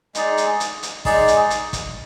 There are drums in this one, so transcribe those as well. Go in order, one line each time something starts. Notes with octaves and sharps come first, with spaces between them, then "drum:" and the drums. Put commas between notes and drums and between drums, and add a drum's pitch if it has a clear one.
G#3 D#4 G#4 D5, drum: hi-hat
drum: hi-hat
drum: hi-hat
drum: hi-hat
G#3 D#4 G#4 D5, drum: kick, open hi-hat
drum: hi-hat
drum: hi-hat
drum: kick, hi-hat